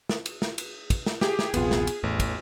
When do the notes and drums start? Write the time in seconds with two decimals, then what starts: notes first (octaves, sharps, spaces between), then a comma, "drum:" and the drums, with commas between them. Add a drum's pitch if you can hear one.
0.09 drum: snare
0.26 drum: cymbal
0.42 drum: snare
0.58 drum: cymbal
0.90 drum: kick, cymbal
1.06 drum: snare
1.21 G4 G#4, drum: snare
1.39 drum: snare
1.54 D#1 A#1 C3 B3 F4, drum: cymbal
1.71 drum: snare
1.87 drum: cymbal
2.03 A1 E2 A2
2.20 drum: kick, cymbal